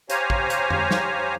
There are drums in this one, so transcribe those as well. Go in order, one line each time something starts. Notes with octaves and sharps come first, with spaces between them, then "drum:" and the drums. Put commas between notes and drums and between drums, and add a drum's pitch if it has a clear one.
G4 C5 C#5 F5 G#5 A#5, drum: hi-hat
drum: kick
drum: hi-hat
drum: tom F2
drum: snare